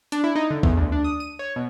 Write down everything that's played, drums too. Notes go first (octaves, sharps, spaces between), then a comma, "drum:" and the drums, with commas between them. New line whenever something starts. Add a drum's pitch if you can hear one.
D4, drum: hi-hat
E4
D#4
D3
E2, drum: kick
D2
D4
D#6
D#7
C#5
B2